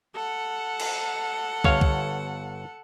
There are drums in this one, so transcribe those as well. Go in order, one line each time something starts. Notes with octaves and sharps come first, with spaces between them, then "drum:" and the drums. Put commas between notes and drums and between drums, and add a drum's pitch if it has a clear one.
A4 F#5
drum: cymbal
G1 C#5 F5, drum: kick
drum: kick